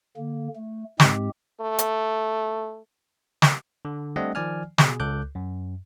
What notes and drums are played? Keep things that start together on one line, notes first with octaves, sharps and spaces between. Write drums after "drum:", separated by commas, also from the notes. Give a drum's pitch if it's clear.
D3 A#3
A3
G#2 G#3 C4 G4, drum: snare
A3
drum: hi-hat
drum: snare
D3
G3 A3 C4 D4 D#5 F#5
D#3 F3 D5 G#5 F6
B2 G#4, drum: snare
C#2 A4 D6 F#6 G6
F#2